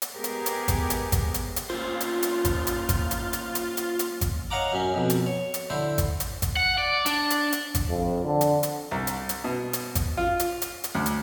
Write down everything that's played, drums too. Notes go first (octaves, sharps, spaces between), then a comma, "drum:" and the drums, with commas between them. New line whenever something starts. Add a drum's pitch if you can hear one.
drum: hi-hat
G#3 B3 G4 G#4 A#4
drum: hi-hat
drum: hi-hat
drum: kick G#1, hi-hat
drum: hi-hat
drum: kick G#1, hi-hat
drum: hi-hat
drum: hi-hat
A#3 C#4 F4 C5
drum: hi-hat
drum: hi-hat
drum: kick G#1, hi-hat
drum: hi-hat
drum: kick G#1, hi-hat
drum: hi-hat
drum: hi-hat
drum: hi-hat
drum: hi-hat
drum: hi-hat
drum: kick G#1, hi-hat
C#5 D#5 F5 F#5 A#5 D6
F#2 C#4
F2 B2
drum: hi-hat
C#5
drum: hi-hat
D3 E4 C5
drum: kick G#1, hi-hat
drum: hi-hat
drum: kick G#1, hi-hat
F#5
D5
D4, drum: hi-hat
drum: hi-hat
drum: hi-hat
drum: kick G#1, hi-hat
F2
D3
drum: hi-hat
drum: hi-hat
C2
drum: hi-hat
drum: hi-hat
B2
drum: hi-hat
drum: kick G#1, hi-hat
F4
drum: hi-hat
drum: hi-hat
drum: hi-hat
D2
drum: hi-hat